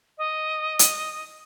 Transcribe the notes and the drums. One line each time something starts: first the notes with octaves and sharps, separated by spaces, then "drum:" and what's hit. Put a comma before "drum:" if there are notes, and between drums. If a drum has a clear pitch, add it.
D#5
drum: hi-hat